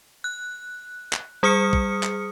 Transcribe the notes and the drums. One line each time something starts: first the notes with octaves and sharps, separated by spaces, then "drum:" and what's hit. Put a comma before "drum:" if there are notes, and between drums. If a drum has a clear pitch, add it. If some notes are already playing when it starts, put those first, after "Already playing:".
F#6
drum: clap
G3 G#4 D#6 F6 C#7
drum: kick
drum: clap